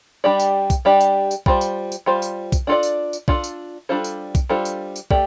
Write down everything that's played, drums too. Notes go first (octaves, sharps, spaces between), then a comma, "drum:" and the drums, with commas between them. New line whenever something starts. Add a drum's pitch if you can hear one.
G3 D4 G4 D5
drum: tambourine
drum: kick, tambourine
G3 D4 G4 D5
drum: tambourine
drum: tambourine
G3 F4 C5, drum: kick
drum: tambourine
drum: tambourine
G3 F4 C5
drum: tambourine
drum: kick, tambourine
D4 F4 A4 D5
drum: tambourine
drum: tambourine
D4 F4 A4 D5, drum: kick
drum: tambourine
G3 D4 F4 A4 C5
drum: tambourine
drum: kick, tambourine
G3 D4 F4 A4 C5
drum: tambourine
drum: tambourine
A3 G4 D5, drum: kick